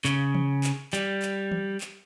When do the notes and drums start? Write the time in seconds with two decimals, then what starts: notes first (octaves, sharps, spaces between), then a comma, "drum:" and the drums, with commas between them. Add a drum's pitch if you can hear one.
0.05 C#3, drum: clap
0.35 drum: tom E3
0.64 drum: clap
0.93 G3, drum: clap
1.22 drum: clap
1.51 drum: tom E3
1.81 drum: clap